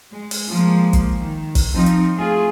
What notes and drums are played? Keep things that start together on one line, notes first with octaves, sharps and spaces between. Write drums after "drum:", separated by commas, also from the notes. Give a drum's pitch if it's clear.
G#3
drum: open hi-hat
F3 G#3 A#3
drum: kick, hi-hat
D#3
drum: kick, open hi-hat
F3 C4 D#4
drum: hi-hat
A3 F4 G#4